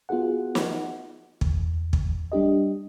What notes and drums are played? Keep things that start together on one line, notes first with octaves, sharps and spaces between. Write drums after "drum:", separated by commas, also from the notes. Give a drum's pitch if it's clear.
B3 F4 F#4 G#4 F#5
drum: snare
E2, drum: kick
drum: kick
G3 D4 G4 D#5